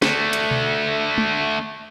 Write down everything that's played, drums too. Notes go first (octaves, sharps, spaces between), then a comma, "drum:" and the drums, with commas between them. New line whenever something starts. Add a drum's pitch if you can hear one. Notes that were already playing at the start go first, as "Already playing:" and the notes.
D3 A3, drum: snare
drum: hi-hat
drum: tom B2
drum: tom G#3